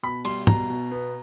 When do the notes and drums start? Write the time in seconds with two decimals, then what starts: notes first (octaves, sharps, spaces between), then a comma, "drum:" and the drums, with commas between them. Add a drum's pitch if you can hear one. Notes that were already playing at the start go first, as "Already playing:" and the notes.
0.03 B2 B5
0.25 G3 C6, drum: cymbal
0.47 B2 A#5, drum: tom
0.70 B2
0.92 B3